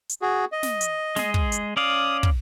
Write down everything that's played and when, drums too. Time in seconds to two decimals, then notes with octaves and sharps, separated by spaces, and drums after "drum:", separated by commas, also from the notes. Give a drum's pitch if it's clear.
0.09 drum: hi-hat
0.22 F#4 G#4
0.52 D#5
0.63 drum: snare
0.81 drum: hi-hat
1.16 G#3 G#4, drum: snare
1.34 drum: kick
1.52 drum: hi-hat
1.77 C#4 D5 F5 D#6
2.23 drum: kick